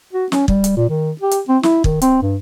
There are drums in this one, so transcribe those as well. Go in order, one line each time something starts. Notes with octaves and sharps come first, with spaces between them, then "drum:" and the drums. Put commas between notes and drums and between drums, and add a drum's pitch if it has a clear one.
F#4
C#4, drum: snare
G3, drum: kick
drum: hi-hat
A#2
D#3
G4
drum: hi-hat
C4
E4, drum: snare
D#3, drum: kick
C4, drum: hi-hat
G2